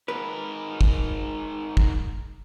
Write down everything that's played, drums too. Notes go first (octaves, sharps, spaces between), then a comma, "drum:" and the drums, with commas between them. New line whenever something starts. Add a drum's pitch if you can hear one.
G#2 A#4 B4
drum: kick
drum: kick